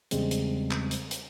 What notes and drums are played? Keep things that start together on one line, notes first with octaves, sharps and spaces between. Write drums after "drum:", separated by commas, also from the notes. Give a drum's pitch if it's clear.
E2 C#3 G3 G#3 C4, drum: hi-hat
drum: hi-hat
drum: clap
drum: hi-hat
drum: hi-hat